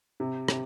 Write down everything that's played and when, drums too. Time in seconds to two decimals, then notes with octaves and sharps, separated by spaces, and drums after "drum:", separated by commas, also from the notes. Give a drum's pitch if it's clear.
0.20 C3
0.48 C3, drum: rim click